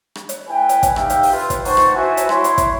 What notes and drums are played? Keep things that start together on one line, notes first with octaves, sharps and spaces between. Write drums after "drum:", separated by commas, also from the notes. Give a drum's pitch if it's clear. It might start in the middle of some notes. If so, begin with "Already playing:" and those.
drum: rim click
drum: hi-hat
A3 E4 B4 G5 G#5
drum: hi-hat
drum: kick, hi-hat
D#4 G4 E5 F5 G5, drum: rim click
drum: hi-hat
drum: open hi-hat
F4 B4
drum: kick, hi-hat
D#4 C5 F#5 A5 C#6, drum: open hi-hat
drum: rim click
E4 F#4 B4 C5 E5 G#5
drum: hi-hat
E4 C#5 C6, drum: rim click
drum: hi-hat
drum: kick, hi-hat